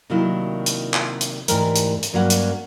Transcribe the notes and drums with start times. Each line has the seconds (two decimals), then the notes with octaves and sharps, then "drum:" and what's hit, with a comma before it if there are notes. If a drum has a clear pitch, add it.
0.10 C3 D#3 F#3 A#3 D4 E4
0.66 drum: hi-hat
0.94 drum: clap
1.21 drum: hi-hat
1.48 D2 G#2 E3 G4 A#4, drum: hi-hat
1.76 drum: hi-hat
2.03 drum: hi-hat
2.13 G2 F#3 A#3 C#4 B4 F#5
2.30 drum: hi-hat